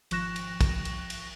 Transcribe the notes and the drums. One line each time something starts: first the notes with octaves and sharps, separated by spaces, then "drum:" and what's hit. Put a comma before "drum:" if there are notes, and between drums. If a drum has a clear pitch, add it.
G#1 F3 C#6 F#6 A#6 E7, drum: cymbal
drum: cymbal
drum: kick, cymbal
drum: cymbal
drum: cymbal